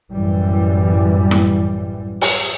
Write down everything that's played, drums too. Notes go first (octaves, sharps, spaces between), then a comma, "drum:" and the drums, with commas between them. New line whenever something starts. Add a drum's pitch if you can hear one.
A1 F#2 E3 G3
drum: snare E4
drum: open hi-hat